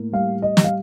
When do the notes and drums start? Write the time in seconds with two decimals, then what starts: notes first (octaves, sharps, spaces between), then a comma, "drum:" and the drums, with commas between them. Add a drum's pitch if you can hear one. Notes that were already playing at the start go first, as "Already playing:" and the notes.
Already playing: A2 A#3
0.12 G3 F5
0.42 D#5
0.57 G3, drum: snare
0.64 F5